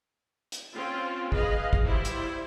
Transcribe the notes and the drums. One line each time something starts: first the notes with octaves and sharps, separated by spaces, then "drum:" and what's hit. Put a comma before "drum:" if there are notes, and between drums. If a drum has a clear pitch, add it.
drum: hi-hat
C4 C#4 F4
G#4 B4 D#5 F5, drum: kick
drum: kick
G3 E4 C5
drum: hi-hat